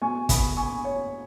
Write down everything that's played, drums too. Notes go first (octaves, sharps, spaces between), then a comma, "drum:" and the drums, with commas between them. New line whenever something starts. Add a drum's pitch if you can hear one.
B2 B3 G#5 C#6
B5 D#6, drum: kick, hi-hat
G#5 C#6
C#5